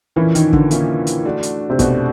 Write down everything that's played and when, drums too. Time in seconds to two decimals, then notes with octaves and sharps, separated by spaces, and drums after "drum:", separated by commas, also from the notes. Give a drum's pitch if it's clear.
0.16 A#2 E3 F3 A#3 C#4 E4
0.35 D#3, drum: hi-hat
0.53 D3, drum: kick
0.71 A#2 F3 A#3 C#4 E4, drum: hi-hat
1.07 drum: hi-hat
1.25 A3 D4 F#4
1.43 drum: hi-hat
1.70 C3
1.79 B2 A3 D4 F#4, drum: kick, hi-hat